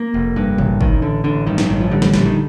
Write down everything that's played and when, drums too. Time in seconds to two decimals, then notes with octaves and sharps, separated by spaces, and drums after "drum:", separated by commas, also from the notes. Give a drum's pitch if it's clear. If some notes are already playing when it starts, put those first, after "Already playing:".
Already playing: A#3
0.14 F1
0.36 G2
0.58 A1, drum: tom A#2
0.81 A1 D#3, drum: kick
1.02 D3
1.24 A1 D3
1.47 G2 D#3
1.58 drum: snare
1.69 A1 D#3
1.80 F3
1.91 D3 G3
2.02 G3, drum: snare
2.14 A#1 G3, drum: snare
2.26 D#3